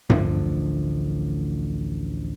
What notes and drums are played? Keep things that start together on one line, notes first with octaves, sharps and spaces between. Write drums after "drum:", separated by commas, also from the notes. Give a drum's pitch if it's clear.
A1 D2 D3 F3, drum: tom G2